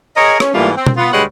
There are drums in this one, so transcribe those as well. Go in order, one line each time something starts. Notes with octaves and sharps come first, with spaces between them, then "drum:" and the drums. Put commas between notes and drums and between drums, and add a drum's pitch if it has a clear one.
G#4 A#4 C#5 D#5
C#4, drum: rim click
G#2 E3 G3 A3 A#3 F4
C4
drum: tom B2
B3 F4
D2 G3 G#3 B4 C#5 F#5